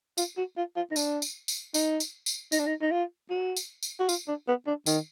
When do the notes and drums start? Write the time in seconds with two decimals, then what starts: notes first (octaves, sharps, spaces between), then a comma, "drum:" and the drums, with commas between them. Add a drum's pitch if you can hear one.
0.18 F4, drum: tambourine
0.37 F#4
0.57 F4
0.76 F4
0.91 D#4
0.96 D4, drum: tambourine
1.22 drum: tambourine
1.48 drum: tambourine
1.74 D#4, drum: tambourine
2.00 drum: tambourine
2.26 drum: tambourine
2.52 D#4, drum: tambourine
2.59 D4
2.66 D#4
2.82 D#4
2.91 F4
3.30 F#4
3.57 drum: tambourine
3.83 drum: tambourine
4.00 F#4
4.09 F4, drum: tambourine
4.28 D4
4.48 B3
4.67 D4
4.86 D#3, drum: tambourine